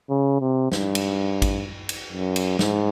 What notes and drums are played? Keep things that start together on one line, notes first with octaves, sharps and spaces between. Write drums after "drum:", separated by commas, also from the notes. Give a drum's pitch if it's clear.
C#3
C3
G2, drum: snare
drum: cymbal
drum: kick, cymbal
drum: cymbal
F#2
drum: cymbal
G#2, drum: snare